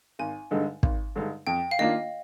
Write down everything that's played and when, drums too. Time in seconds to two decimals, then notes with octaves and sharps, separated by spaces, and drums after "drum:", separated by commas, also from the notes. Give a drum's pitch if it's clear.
0.19 G#1 G#5
0.51 G2 D3 G#3 D#4
0.83 G#1, drum: kick
1.16 G2 D3 G#3 D#4
1.47 F2 G5
1.71 F5
1.79 D#3 A#3 D4 F4 D#5